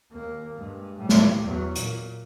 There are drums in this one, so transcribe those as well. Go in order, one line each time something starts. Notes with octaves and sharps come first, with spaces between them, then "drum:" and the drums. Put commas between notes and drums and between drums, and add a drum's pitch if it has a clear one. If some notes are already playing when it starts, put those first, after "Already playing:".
D#2 A#3
G2 G#3
A2 G3
drum: snare
E2 F#3
A#2, drum: hi-hat